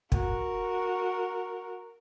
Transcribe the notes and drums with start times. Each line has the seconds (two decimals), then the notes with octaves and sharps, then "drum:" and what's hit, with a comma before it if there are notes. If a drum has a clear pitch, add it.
0.12 F#4 A#4, drum: kick